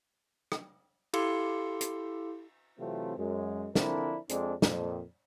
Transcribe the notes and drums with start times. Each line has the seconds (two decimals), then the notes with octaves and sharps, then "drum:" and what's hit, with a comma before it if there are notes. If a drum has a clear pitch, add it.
0.52 drum: rim click
1.13 E4 G4 A4 F5 C6 C#7, drum: cymbal
1.81 drum: hi-hat
2.79 C3 E3 F#3 A3 C4 F4
3.18 F#2 G#3
3.75 D3 F3 C4 D4 E4 A#4, drum: snare
4.29 F2 G#3 C4 D4, drum: hi-hat
4.62 F2 A#2, drum: snare